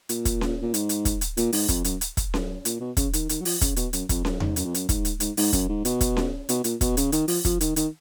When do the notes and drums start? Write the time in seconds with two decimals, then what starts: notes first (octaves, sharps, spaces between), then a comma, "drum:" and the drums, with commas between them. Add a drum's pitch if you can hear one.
0.09 A#2, drum: hi-hat
0.25 drum: kick, hi-hat
0.41 drum: snare C#4
0.62 A#2
0.74 G#2, drum: hi-hat
0.89 drum: hi-hat
1.05 drum: kick, hi-hat
1.21 drum: hi-hat
1.37 A#2, drum: hi-hat
1.53 G#2, drum: open hi-hat
1.69 F2, drum: kick, hi-hat
1.84 F#2, drum: hi-hat
2.01 drum: hi-hat
2.17 drum: kick, hi-hat
2.34 F#2, drum: snare C#4
2.65 A#2, drum: hi-hat
2.80 B2
2.97 C#3, drum: kick, hi-hat
3.13 D#3, drum: hi-hat
3.29 D#3, drum: hi-hat
3.41 F#3
3.45 F3, drum: open hi-hat
3.61 C#3, drum: kick, hi-hat
3.76 B2, drum: hi-hat
3.93 F#2, drum: hi-hat
4.09 F2, drum: kick, hi-hat
4.25 F#2, drum: snare C#4
4.40 G#2, drum: tom E2
4.56 F#2, drum: hi-hat
4.65 F2
4.74 F#2, drum: hi-hat
4.89 G#2, drum: kick, hi-hat
5.05 drum: hi-hat
5.20 G#2, drum: hi-hat
5.37 G#2, drum: open hi-hat
5.53 F#2, drum: kick, hi-hat
5.69 G#2
5.85 B2, drum: hi-hat
6.01 drum: kick, hi-hat
6.17 drum: snare C#4
6.49 B2, drum: hi-hat
6.64 A#2, drum: hi-hat
6.81 B2, drum: kick, hi-hat
6.97 C#3, drum: hi-hat
7.12 D#3, drum: hi-hat
7.28 F3, drum: open hi-hat
7.45 F3, drum: kick, hi-hat
7.61 D#3, drum: hi-hat
7.76 D#3, drum: hi-hat